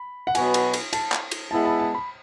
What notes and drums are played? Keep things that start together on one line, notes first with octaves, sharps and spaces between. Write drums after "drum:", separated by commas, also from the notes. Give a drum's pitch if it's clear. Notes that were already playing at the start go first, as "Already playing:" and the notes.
Already playing: B5
F#5
B2 F#3 B3 F#4 B4 G#5, drum: cymbal
drum: cymbal
drum: cymbal
A5, drum: cymbal
drum: clap
drum: cymbal
G#3 B3 E4 G#4 A5
A5
A5
B5